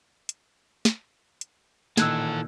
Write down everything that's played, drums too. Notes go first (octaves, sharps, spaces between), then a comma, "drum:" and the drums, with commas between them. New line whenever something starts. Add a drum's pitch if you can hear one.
drum: hi-hat
drum: snare
drum: hi-hat
A#2 D#3 E3 A4 E6 F#6 G#6, drum: snare